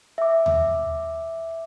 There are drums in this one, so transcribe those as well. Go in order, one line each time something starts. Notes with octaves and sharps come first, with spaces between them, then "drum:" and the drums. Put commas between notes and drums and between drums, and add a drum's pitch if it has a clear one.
E5 D6
drum: tom D#2